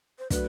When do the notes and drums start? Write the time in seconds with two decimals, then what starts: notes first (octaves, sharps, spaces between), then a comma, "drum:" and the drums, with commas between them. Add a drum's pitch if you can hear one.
0.19 C5
0.30 F#3 A3 D4 F#4 B4, drum: kick, hi-hat